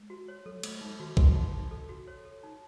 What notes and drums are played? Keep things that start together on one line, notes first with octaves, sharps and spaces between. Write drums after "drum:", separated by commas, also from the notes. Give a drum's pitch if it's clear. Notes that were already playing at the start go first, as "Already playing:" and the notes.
Already playing: G#3
F#4
C#5
F#3 A4
A3 A4, drum: cymbal
G#3 D#4
D#3 F#4
C#3 F#4, drum: kick
D#4
D#4
A4
F#4
C#5
A4
D#4